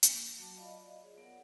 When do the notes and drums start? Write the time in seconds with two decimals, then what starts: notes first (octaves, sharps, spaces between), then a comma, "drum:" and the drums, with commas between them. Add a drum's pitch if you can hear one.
0.03 A#3, drum: hi-hat
0.38 F#3 F#4 A5 D6
0.56 F4 D5 D#5 F5 B5
1.03 G#4 C#5
1.18 B3 A#4 D5 F#5